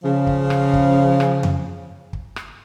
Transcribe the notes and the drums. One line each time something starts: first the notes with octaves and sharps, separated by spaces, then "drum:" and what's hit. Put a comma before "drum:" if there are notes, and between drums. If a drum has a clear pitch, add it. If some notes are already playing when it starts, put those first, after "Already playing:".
C#3 F3
drum: kick
drum: rim click
drum: kick
drum: rim click
drum: tom F2
drum: kick
drum: rim click